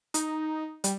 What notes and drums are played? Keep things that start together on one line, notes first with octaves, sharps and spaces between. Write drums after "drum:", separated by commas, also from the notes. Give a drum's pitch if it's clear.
D#4, drum: hi-hat
G3, drum: hi-hat